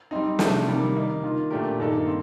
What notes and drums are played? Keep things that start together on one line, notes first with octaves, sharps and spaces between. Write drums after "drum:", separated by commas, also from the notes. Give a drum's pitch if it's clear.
G3 C4 D#4
C3 F3 A3 D4, drum: snare
C3 D#3 G3 A#3
D#3 A#3 D#4
D#3 A#3 F4
A#2 A3 D4 G4 A#4
G2 D#3 A#3 D#4 A4
C4